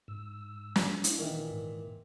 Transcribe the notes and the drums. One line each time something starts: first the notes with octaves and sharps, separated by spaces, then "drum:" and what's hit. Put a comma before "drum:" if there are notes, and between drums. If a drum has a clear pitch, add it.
G#2 E6
drum: snare
G#3 D4 E4, drum: hi-hat
A#2 D#3 E3 D#4
G#2